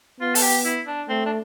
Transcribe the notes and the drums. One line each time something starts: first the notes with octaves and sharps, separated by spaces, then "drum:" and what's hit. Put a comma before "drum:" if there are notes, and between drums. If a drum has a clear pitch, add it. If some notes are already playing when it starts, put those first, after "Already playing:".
B3 F4
A4, drum: open hi-hat
G4
E4
D4
A3 C4
D4